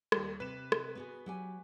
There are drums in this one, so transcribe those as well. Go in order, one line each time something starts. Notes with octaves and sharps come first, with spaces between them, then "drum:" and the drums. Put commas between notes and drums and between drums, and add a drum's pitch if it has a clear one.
D#2 G3, drum: rim click
C3 B4 E7
drum: rim click
B3 F#4 G#4
F#3 G4 G#5